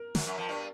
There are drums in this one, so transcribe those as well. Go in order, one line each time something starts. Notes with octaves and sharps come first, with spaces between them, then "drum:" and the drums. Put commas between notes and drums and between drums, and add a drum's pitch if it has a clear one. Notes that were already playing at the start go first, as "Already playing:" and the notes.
Already playing: A#4
F#2 F#3, drum: snare
F#2 F#3
F2 F3
G2 G3